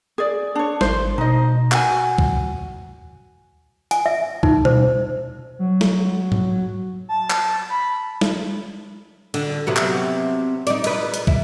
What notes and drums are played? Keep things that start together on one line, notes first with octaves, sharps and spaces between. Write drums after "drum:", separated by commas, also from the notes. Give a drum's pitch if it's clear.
G#4 D5
D4 C#5
G#1 C5, drum: snare
B2 D#4 D#5
F#4 F#5 G#5, drum: clap
drum: kick
G#5, drum: hi-hat
E5
D#4, drum: kick
C5, drum: tom B2
F#3
drum: snare
drum: tom G#2
A5
drum: clap
B5
drum: snare
D3, drum: cymbal
C3 F#3 B3
drum: clap
D#4 D5, drum: hi-hat
D#4 B4, drum: cymbal
drum: hi-hat
E4, drum: kick